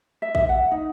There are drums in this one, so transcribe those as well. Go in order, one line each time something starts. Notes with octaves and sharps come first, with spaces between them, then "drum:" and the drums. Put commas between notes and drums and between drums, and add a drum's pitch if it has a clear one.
E5
E5, drum: kick A#1
F#5
D#4